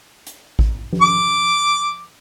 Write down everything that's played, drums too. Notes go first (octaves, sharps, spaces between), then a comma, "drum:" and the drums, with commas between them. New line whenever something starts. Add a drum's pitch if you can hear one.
drum: hi-hat
drum: kick A1
drum: tom F3
D6